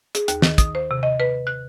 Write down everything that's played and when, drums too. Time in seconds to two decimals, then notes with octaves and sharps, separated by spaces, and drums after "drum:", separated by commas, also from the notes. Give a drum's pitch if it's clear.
0.15 G#4, drum: hi-hat
0.28 D#2, drum: hi-hat
0.42 D#3, drum: snare
0.58 D#6, drum: kick, hi-hat
0.75 C5
0.91 C3
1.03 D#5
1.20 B4
1.47 F#6